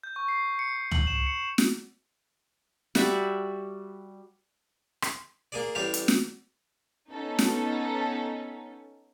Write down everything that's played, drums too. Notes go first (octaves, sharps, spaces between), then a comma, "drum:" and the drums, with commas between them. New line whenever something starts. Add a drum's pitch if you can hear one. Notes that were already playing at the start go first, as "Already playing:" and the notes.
G6
C#6
C7
C#7
C#7
F#7, drum: tom C#2
E7
C#7
drum: snare
G3 F#4 D5 E5, drum: snare
drum: rim click
A#3 G#4 D5
A1 G3 G4 F5
drum: hi-hat
drum: snare
B3 C#4 D#4 A4
drum: snare